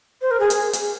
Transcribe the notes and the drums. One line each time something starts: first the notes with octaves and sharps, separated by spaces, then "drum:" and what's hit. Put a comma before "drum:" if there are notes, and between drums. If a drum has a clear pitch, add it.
C5
A#4
G#4
drum: hi-hat
drum: hi-hat